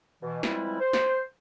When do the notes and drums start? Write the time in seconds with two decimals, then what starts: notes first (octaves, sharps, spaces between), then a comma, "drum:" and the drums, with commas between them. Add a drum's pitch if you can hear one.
0.23 B2 E3
0.43 E3 F3 G3 G#3 C4 E4, drum: snare
0.80 C5
0.93 drum: snare